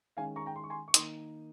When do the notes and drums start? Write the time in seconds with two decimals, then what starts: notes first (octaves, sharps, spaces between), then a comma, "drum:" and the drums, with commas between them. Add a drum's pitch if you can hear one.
0.17 D#3 G#3 C#4 F5 G#5
0.36 A#5 C#6
0.46 G5 A#5
0.56 C6
0.64 C#6
0.70 G#5 C6
0.88 C#6
0.94 D#3 A#3 D#4 C6 D#6, drum: hi-hat